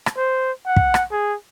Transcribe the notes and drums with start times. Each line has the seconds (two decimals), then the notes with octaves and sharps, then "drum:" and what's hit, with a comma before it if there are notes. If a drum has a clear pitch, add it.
0.06 drum: rim click
0.17 C5
0.66 F#5
0.76 drum: kick
0.94 drum: rim click
1.12 G#4